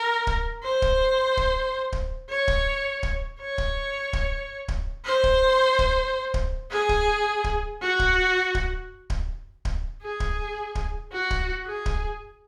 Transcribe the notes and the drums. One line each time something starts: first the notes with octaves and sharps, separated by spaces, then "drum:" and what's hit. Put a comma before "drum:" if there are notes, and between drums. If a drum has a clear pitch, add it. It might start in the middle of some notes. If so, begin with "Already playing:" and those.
Already playing: A#4
drum: kick D1
C5
drum: kick D1
drum: kick D1
drum: kick D1
C#5
drum: kick D1
drum: kick D1
C#5
drum: kick D1
drum: kick D1
drum: kick D1
C5
drum: kick D1
drum: kick D1
drum: kick D1
G#4
drum: kick D1
drum: kick D1
F#4
drum: kick D1
drum: kick D1
drum: kick D1
drum: kick D1
G#4
drum: kick D1
drum: kick D1
F#4
drum: kick D1
G#4
drum: kick D1